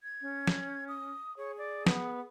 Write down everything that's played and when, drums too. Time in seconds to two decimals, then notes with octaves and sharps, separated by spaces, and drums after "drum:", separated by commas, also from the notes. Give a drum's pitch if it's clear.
0.03 G#6
0.21 C#4
0.47 drum: snare
0.88 D#6
1.37 G#4 C#5
1.58 D5
1.86 B3, drum: snare